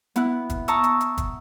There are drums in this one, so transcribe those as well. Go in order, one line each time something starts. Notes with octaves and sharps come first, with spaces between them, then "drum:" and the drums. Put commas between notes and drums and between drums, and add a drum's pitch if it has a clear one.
B3 E4 F#6, drum: hi-hat
drum: kick, hi-hat
A5 A#5 C#6 D#6 E6, drum: hi-hat
drum: hi-hat
drum: hi-hat
drum: kick, hi-hat